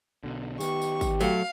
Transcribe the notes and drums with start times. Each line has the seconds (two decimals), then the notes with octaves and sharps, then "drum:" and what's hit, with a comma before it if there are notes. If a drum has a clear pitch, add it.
0.24 B1 B2 D3
0.60 D#3 B3 G4 C#6, drum: tambourine
0.82 drum: tambourine
1.01 drum: kick G#1, tambourine
1.21 F#3 A3 F5, drum: tambourine